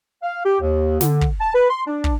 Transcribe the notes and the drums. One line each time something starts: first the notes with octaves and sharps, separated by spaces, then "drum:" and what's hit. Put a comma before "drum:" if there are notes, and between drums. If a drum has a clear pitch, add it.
F5
G4
D#2
D3, drum: snare
drum: kick
A5
B4
C6
D4
drum: kick